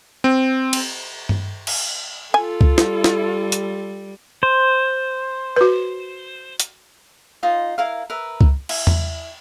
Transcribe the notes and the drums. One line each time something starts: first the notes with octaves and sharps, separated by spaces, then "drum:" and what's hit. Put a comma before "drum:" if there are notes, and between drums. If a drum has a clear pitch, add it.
C4
drum: cymbal
drum: tom G2
drum: cymbal
F4 A4 G#5
drum: kick C#2
G3, drum: snare
drum: snare
drum: hi-hat
C5
F#4 B4
drum: hi-hat
D#4 F4 C5 D#5
E4 A#4 F5
A#4 B4 E5
drum: kick C#2
E4, drum: cymbal
drum: tom E2